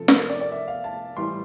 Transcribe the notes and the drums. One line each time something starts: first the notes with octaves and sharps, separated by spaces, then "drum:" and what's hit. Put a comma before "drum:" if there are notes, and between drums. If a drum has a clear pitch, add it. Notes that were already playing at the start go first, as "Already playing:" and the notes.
Already playing: C3 F3 A4
A#4, drum: snare
D5
D5
E5
F5
A5
A2 E3 G3 C6